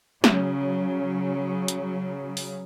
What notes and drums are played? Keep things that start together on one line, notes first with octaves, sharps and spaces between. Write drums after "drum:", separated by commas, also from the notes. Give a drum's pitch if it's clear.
C#3 F#3, drum: snare
drum: hi-hat
drum: open hi-hat